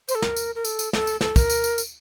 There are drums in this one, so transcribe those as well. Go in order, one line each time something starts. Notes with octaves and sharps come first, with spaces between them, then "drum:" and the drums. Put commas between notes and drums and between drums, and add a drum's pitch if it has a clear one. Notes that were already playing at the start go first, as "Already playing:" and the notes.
C5, drum: tambourine
A4
A#4, drum: snare
drum: tambourine
A#4
A4, drum: tambourine
drum: tambourine
A4, drum: snare
drum: tambourine
A4, drum: snare
A#4, drum: kick, tambourine
drum: tambourine
drum: tambourine
drum: tambourine